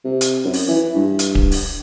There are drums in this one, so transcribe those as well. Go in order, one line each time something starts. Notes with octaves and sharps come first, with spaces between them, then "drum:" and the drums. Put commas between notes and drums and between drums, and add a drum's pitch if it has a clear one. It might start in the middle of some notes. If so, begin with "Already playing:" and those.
C3
drum: hi-hat
F#2
drum: open hi-hat
E3
G2
drum: hi-hat
drum: kick D1
drum: open hi-hat